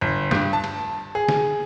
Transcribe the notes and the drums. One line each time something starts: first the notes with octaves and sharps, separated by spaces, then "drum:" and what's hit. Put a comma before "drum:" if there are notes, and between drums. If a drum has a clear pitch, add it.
G1
G2, drum: snare
A5
drum: cymbal
G#4
drum: snare